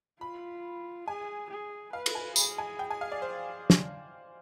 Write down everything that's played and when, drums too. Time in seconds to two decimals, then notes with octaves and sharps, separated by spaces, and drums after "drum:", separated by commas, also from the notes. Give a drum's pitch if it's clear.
0.21 F4 B5
1.08 G#4 G#5
1.50 G#4
1.93 B4 F5
2.06 drum: cymbal
2.15 G#5
2.36 G#4 B5, drum: tambourine
2.58 G#5
2.79 G5
2.90 G#5
3.01 F5
3.12 D5
3.22 C5
3.70 drum: snare